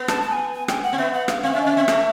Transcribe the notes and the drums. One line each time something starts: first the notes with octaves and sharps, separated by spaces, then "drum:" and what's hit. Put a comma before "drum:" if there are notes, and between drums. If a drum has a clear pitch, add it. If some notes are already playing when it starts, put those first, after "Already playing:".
Already playing: B3
A5, drum: rim click
A5
G#5
G#5
G5, drum: rim click
F#5
C4
B3 E5
F#5
F5, drum: rim click
C4 F5
C#4 E5
D#5
C#4
E5
C4
A3, drum: rim click